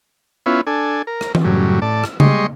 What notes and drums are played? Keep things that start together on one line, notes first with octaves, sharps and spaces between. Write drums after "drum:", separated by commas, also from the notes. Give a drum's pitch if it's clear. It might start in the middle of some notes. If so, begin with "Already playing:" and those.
B3 C#4 E4 F4
D4 A4 G#5
A#4
drum: rim click
drum: tom E3
F#2 A2 C#3 F#3 G3
A2 D5 A5
drum: rim click
G3 G#3 D#5 C6 C#6, drum: tom C#3